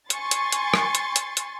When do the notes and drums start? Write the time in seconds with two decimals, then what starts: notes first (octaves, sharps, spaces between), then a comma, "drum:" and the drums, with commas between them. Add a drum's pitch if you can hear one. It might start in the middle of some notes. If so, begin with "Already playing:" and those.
0.10 G#5 C6 C#6 A6, drum: hi-hat
0.31 drum: hi-hat
0.52 drum: hi-hat
0.74 drum: rim click
0.95 drum: hi-hat
1.16 drum: hi-hat
1.37 drum: hi-hat